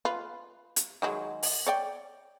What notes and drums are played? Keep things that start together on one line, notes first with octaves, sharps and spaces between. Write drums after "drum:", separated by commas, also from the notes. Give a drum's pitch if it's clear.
F4 B4
drum: hi-hat
D#3 F#3 G#3
drum: open hi-hat
C#5 D5 G5